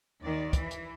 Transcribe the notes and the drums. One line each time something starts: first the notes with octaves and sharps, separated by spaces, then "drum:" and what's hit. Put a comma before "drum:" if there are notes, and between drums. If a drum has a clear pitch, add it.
D#2 D#3 D5
E3, drum: kick, hi-hat
drum: hi-hat